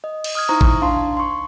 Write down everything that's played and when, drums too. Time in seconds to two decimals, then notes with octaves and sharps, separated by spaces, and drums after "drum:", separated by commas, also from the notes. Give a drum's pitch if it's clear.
0.04 D#5
0.24 drum: cymbal
0.35 D#6 F6 G#6
0.49 D#4 E4 C5 A#5 C#6
0.61 drum: kick G#1
0.82 D4 F5 A5 C6
1.17 C6 C#6